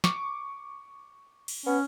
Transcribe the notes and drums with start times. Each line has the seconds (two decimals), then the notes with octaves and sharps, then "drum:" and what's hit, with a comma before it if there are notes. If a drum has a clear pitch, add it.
0.04 C#6 D6, drum: snare
1.48 drum: cymbal
1.66 B3 C#4